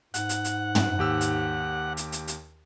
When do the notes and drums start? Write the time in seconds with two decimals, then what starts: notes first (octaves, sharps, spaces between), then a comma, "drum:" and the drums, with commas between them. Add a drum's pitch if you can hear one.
0.14 G#2 F#5, drum: hi-hat
0.29 drum: hi-hat
0.44 drum: hi-hat
0.75 drum: tom
0.99 D#2 G4 E6
1.21 drum: hi-hat
1.97 drum: hi-hat
2.12 drum: hi-hat
2.28 drum: hi-hat